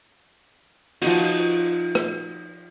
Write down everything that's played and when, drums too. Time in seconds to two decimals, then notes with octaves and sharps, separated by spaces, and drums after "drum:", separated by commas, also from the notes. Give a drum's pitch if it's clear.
1.02 F3 D#4 F#4, drum: cymbal
1.25 drum: cymbal
1.95 drum: rim click